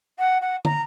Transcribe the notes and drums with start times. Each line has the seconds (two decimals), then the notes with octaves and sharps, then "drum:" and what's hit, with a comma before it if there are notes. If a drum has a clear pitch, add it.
0.18 F#5
0.41 F#5
0.65 A#5, drum: tom